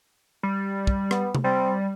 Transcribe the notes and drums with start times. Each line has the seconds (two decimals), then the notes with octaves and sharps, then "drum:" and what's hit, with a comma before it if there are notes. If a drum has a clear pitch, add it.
0.43 G3
0.87 drum: kick
1.11 B3, drum: rim click
1.35 drum: tom C3
1.44 G3 C4